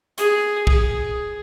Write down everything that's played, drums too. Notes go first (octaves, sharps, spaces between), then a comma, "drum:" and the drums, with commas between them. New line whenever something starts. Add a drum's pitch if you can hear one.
G#4, drum: hi-hat
G#4, drum: kick